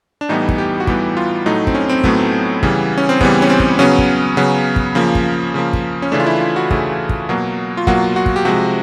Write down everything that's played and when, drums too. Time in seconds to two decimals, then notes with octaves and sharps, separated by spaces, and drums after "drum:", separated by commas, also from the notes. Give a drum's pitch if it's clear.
0.21 D4
0.29 A2 E3 G3 B3 D#4
0.49 drum: kick
0.58 G4
0.80 F#4
0.87 A2 E3 G3 B3 G4, drum: kick
1.17 F4
1.46 A2 F#3 A3 D#4
1.67 C4, drum: kick
1.75 C#4
1.89 C4
2.04 A2 F#3 A3 B3, drum: kick
2.63 C#3 E3 G3, drum: kick
2.98 C#4
3.09 C4
3.21 C#3 E3 G3 B3, drum: kick
3.42 C#4
3.50 C4
3.59 drum: kick
3.79 C#3 F#3 B3 C#4
3.98 drum: kick
4.37 C#3 F#3 B3
4.76 drum: kick
4.95 C#3 F3 A#3
5.15 drum: kick
5.54 C#3 F3 A#3
5.73 drum: kick
6.02 C#4
6.12 C#3 E3 A3 D4
6.20 F4
6.27 E4
6.41 F4
6.56 F#4
6.70 C#3 E3 A3, drum: kick
7.09 drum: kick
7.29 B2 F#3 A#3
7.77 F4
7.87 B2 F#3 A#3 F#4, drum: kick
8.16 F#4
8.26 drum: kick
8.36 G4
8.45 C3 F3 G#3 F#4